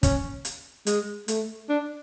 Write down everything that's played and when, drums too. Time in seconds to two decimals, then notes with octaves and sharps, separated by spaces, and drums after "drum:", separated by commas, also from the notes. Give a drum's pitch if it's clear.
0.03 C#4, drum: kick, hi-hat
0.45 drum: hi-hat
0.87 G#3, drum: hi-hat
1.28 A3, drum: hi-hat
1.69 D4